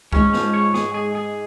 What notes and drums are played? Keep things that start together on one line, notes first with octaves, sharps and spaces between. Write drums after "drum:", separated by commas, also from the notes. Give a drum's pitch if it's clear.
G#2 C#4, drum: kick
F3, drum: snare
C#5
G#4, drum: snare
G#4
G#4